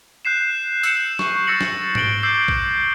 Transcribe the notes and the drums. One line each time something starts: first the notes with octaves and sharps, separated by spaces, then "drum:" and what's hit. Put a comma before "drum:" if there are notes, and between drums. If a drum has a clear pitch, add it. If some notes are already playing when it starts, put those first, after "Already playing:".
F#6 G6 C7 E7
E6 G6 C#7 E7, drum: tambourine
C#6, drum: snare
C#6 E6 A6 A#6 C#7 F#7
drum: snare
C#7 D7 F#7 G7, drum: tom G#2
D6 E6 G6 C7
drum: kick